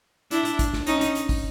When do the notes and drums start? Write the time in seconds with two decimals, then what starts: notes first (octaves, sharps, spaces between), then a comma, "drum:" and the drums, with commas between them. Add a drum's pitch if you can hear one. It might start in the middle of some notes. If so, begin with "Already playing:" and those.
0.31 D4 E4, drum: hi-hat
0.45 drum: hi-hat
0.59 drum: kick, hi-hat
0.73 drum: snare
0.87 C#4 D#4, drum: hi-hat
1.01 drum: hi-hat
1.15 drum: hi-hat
1.29 drum: kick, open hi-hat